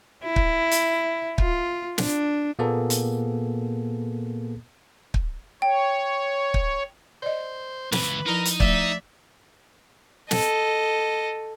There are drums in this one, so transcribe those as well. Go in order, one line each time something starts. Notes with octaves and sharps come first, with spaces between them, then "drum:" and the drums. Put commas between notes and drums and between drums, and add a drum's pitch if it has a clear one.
E4
drum: kick
drum: hi-hat
F4, drum: kick
D4, drum: snare
A#2 A#3 B3 G#4 A4
drum: hi-hat
drum: kick
C#5 G5
drum: kick
C5 D5 D#5
C#2 E3 B4, drum: snare
F3 D#4 E4 A#4
drum: hi-hat
F3 A3 D5 E5, drum: kick
A4 D#5, drum: snare